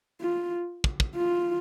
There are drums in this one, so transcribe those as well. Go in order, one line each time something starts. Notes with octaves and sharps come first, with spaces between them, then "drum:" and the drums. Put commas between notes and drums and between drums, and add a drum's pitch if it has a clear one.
F4
drum: kick
drum: kick
F4